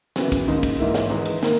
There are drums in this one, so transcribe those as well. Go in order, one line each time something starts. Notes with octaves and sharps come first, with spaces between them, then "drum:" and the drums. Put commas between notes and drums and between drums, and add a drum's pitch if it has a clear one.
F#2 C#3 E3 B3 E4, drum: snare
drum: kick, cymbal
D#2 C#3 G#3 D#4
drum: kick, cymbal
G#2 E3 A#3 E4
drum: snare
E2 D#3 G#3 B3
drum: cymbal
D#3 A#3, drum: snare